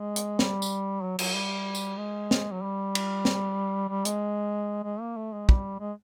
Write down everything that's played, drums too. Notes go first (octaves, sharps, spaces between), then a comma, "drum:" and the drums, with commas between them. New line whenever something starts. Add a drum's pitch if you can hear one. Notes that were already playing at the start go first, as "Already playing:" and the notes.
Already playing: G#3
drum: hi-hat
G3, drum: snare
drum: tambourine
F#3
F#3, drum: cymbal
G3
drum: tambourine
G#3
drum: snare
F#3
G3
drum: cymbal
drum: snare
G3
G#3, drum: hi-hat
G#3
A#3
A3
G#3
G3, drum: kick
G#3